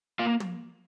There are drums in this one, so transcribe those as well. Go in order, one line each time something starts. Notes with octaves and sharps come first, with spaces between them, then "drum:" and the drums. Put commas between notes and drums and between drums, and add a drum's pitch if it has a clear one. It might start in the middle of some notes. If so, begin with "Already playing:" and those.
A#3 F4 F5
drum: tom